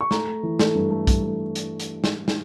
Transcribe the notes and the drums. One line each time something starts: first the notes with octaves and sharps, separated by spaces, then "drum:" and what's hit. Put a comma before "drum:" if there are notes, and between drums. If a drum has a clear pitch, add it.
C#6
A3 A#5, drum: snare
A3
E3
A3, drum: snare
G2
A3
G2, drum: kick, hi-hat
A3
drum: hi-hat
drum: hi-hat
drum: snare
drum: snare